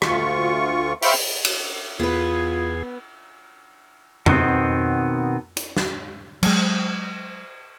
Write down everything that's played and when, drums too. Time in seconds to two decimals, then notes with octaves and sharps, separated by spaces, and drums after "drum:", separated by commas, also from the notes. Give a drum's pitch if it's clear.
0.02 D2 F4 C#6, drum: rim click
1.02 C5 E5 F5 G5 B5 C#6, drum: open hi-hat
1.45 drum: cymbal
1.99 E2 B3 F4 G#4 B4
4.26 B2 D#3 B3 C4, drum: tom F2
5.57 drum: hi-hat
5.77 drum: snare
6.43 F#3 G#3, drum: cymbal